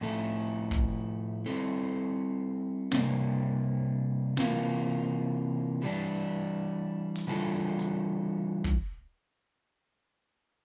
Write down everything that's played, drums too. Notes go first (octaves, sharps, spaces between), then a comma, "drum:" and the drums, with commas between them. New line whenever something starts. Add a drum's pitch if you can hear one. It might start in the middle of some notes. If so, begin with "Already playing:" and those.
A2 F3 A3 E4 A4
drum: kick
G3 C4 E4 A4
C3 G3 A#3 D4, drum: snare
C3 E3 A#3 F4, drum: snare
E3 G3 D4
drum: open hi-hat
E3 G3 D4 F4 A4
drum: hi-hat
drum: kick